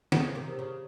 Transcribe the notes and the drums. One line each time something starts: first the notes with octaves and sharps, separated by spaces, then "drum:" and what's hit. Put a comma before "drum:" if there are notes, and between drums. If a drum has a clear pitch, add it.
C#3 F3, drum: snare
C3 D#3
C#3